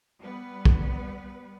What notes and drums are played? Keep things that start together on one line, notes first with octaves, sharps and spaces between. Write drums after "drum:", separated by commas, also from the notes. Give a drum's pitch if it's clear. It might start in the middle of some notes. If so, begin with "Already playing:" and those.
G3 B3 B4
drum: kick